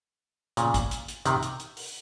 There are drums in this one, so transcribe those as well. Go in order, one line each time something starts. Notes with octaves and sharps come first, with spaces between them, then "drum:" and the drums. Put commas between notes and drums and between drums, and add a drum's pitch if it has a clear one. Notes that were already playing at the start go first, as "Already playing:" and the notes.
A#2 C#3, drum: hi-hat
drum: kick, hi-hat
drum: hi-hat
drum: hi-hat
C3 D#3, drum: hi-hat
drum: hi-hat
drum: hi-hat
drum: open hi-hat